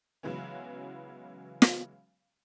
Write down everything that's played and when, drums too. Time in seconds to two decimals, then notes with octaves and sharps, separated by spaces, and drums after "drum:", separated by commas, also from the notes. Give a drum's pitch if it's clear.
0.23 C#3 E3 F#3 G#3 B3 C#4
1.62 drum: snare